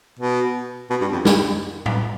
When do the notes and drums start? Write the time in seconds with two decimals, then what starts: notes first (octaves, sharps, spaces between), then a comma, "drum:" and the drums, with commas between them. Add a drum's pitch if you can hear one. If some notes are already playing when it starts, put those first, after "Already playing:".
0.19 B2
0.90 B2
1.01 G2
1.13 F2
1.25 G2, drum: snare
1.86 drum: tom A2